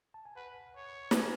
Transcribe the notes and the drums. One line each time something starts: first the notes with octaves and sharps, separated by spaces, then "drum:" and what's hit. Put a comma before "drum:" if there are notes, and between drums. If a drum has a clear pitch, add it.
A5
G#5
B4 F#5
C#5
A5, drum: snare
G#5